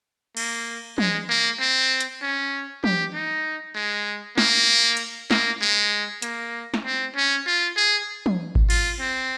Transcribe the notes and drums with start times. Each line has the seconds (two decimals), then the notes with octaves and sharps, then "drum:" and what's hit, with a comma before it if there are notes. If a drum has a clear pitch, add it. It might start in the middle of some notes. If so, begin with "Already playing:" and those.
0.37 A#3, drum: cymbal
0.98 G#3, drum: tom
1.29 A#3
1.61 C4
2.00 drum: hi-hat
2.22 C#4
2.84 G4, drum: tom
3.14 D#4
3.75 G#3
4.38 A#3, drum: snare
4.97 drum: cymbal
5.31 A#3, drum: snare
5.61 G#3
6.22 A#3, drum: hi-hat
6.74 drum: snare
6.85 C4
7.16 C#4
7.47 F4
7.77 G#4
8.26 drum: tom
8.55 drum: kick G#1
8.70 F4, drum: cymbal
9.00 C4